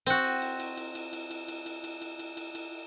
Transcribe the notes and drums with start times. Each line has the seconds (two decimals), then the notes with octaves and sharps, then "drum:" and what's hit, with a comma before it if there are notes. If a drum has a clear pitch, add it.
0.06 C4 F#4
0.24 drum: cymbal
0.42 drum: cymbal
0.60 drum: cymbal
0.77 drum: cymbal
0.95 drum: cymbal
1.13 drum: cymbal
1.31 drum: cymbal
1.48 drum: cymbal
1.66 drum: cymbal
1.84 drum: cymbal
2.02 drum: cymbal
2.19 drum: cymbal
2.37 drum: cymbal
2.55 drum: cymbal